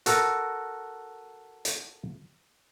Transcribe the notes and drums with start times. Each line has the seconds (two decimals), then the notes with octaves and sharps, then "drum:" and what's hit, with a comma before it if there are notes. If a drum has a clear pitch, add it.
0.06 F#4 A4 A#4, drum: hi-hat
1.65 drum: hi-hat